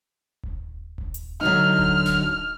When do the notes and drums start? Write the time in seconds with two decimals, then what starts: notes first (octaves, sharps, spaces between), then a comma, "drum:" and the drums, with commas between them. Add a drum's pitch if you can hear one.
0.43 drum: kick D#1
0.98 drum: kick D#1
1.14 drum: hi-hat
1.41 D3 F#3 D#4 F6
1.79 drum: kick D#1
2.06 drum: snare D1